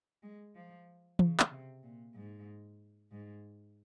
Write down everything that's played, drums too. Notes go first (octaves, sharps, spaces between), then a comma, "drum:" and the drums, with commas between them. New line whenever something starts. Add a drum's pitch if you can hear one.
G#3
F3
C#3, drum: tom E3
drum: clap
C3
A#2
G#2
G#2